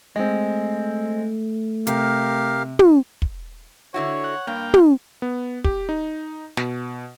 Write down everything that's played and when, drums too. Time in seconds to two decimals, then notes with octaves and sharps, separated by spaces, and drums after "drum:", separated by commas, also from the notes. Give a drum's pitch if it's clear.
0.16 G#3 A3 C4
1.87 C3 G4 A#4 F5, drum: hi-hat
2.79 drum: tom
3.22 drum: kick
3.94 D3 E4 F#4 C#5
4.24 F#5
4.47 G2 A#3 F5 G5
4.74 drum: tom
5.22 B3
5.64 G4, drum: kick
5.89 D#4
6.57 B2, drum: snare